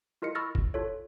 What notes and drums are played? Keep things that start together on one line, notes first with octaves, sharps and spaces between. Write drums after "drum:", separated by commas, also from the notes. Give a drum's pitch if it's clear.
E4 F4 A#4 D#5 C#7
B5 C#6 E6 F6 A6 A#6
drum: kick
F4 A4 C#5